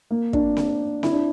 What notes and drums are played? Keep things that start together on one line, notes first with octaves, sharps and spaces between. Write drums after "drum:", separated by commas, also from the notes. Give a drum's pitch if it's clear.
A#3
D4, drum: kick
drum: snare C4
E4, drum: snare C4
D4